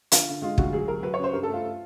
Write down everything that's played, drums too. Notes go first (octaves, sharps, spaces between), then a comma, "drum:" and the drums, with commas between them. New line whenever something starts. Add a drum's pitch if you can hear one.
D3 F4, drum: hi-hat
D3
G#3 F4
D2 F#4, drum: kick
F#3 G#4
F#3 A#4
F#3 B4
C#3 C#5
C5
G2 A#4
A4
A3 F4